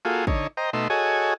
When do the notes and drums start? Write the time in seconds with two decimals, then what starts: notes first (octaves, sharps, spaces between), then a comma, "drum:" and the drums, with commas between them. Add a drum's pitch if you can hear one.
0.05 A#3 F4 F#4 G#4 A4
0.27 D3 D#4 C#5, drum: kick
0.57 C5 D#5 G5 A#5
0.73 B2 A3 D#4 C6 E6
0.90 F#4 G#4 A4 C#5 D#5 G#5